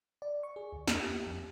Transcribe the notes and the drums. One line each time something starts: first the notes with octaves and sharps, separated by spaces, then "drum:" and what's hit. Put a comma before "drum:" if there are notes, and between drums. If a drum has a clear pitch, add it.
D5
C#6
G#4
D2
F2, drum: snare
G4
F2